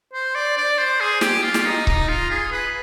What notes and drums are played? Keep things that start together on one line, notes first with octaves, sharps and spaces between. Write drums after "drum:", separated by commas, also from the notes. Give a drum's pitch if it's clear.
C5
D5
D5
C5
G#4
G4, drum: snare
F4
drum: snare
D#4
D#4, drum: kick C#1
F4
G#4
B4